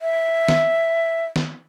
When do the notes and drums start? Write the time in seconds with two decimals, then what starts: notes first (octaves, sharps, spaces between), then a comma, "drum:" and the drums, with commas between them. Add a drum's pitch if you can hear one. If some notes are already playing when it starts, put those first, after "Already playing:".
0.02 E5
0.48 drum: snare
1.36 drum: snare